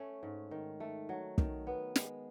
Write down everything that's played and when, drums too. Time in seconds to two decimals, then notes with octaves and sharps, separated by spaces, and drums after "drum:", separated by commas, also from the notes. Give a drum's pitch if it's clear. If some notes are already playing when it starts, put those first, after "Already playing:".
Already playing: A3 C#4
0.23 G#2
0.51 D#3
0.80 A3
1.09 F#3
1.38 D#3, drum: kick
1.67 B3
1.96 G#3, drum: snare